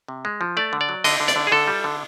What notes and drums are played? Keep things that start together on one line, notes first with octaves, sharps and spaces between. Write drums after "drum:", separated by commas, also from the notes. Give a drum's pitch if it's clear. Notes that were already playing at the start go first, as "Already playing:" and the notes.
C3
G#3
F3
A3 D5
D3
D5
F#3
D3 D#5, drum: cymbal
D3
D5, drum: hi-hat
D3
G#4
D3 A4
G3
D3